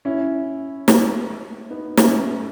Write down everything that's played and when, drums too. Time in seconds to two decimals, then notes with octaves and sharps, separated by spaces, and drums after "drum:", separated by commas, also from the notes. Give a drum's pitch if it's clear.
0.05 C#4 E4
0.88 drum: snare
1.70 B3 D#4
1.97 A3 C#4, drum: snare